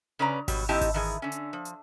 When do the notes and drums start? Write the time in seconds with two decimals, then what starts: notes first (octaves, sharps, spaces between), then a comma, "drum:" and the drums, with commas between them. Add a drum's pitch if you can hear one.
0.19 C#3 C#4 B4 D5 A#5
0.48 B2 F#3 G3, drum: kick G#1, open hi-hat
0.69 D#3 C4 E4 G4 D#5 A5
0.81 drum: kick G#1, open hi-hat
0.94 D#3 E3 G#4
1.22 D3 C#4
1.32 drum: hi-hat
1.53 F3
1.65 drum: hi-hat